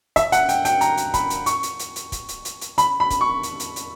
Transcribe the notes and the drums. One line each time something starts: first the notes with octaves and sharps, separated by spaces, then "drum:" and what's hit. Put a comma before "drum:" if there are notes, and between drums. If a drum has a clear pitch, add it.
E5, drum: kick, hi-hat
F#5, drum: hi-hat
G5, drum: hi-hat
G5, drum: hi-hat
A#5, drum: hi-hat
drum: hi-hat
B5, drum: kick, hi-hat
drum: hi-hat
C#6, drum: hi-hat
drum: hi-hat
drum: hi-hat
drum: hi-hat
drum: kick, hi-hat
drum: hi-hat
drum: hi-hat
drum: hi-hat
B5, drum: hi-hat
B5
drum: kick, hi-hat
C#6
drum: hi-hat
drum: hi-hat
drum: hi-hat